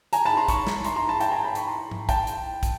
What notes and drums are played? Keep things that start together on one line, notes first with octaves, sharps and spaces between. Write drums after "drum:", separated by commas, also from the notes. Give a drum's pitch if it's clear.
G#5 A#5, drum: hi-hat
A5 B5
A#5 C6
B5 C#6, drum: kick, hi-hat
drum: snare
A#5 C6, drum: hi-hat
A#5 C6
A5 B5
G5 A5, drum: hi-hat
G#5 A#5
A5 B5
B5 C#6, drum: hi-hat
A#5 C6
drum: tom G#2
G5 A5, drum: kick, hi-hat
drum: hi-hat
drum: kick, hi-hat